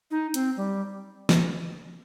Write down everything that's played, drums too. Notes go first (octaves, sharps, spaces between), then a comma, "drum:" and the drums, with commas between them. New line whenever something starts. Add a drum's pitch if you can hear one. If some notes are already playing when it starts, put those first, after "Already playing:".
D#4
C4, drum: hi-hat
G3
drum: snare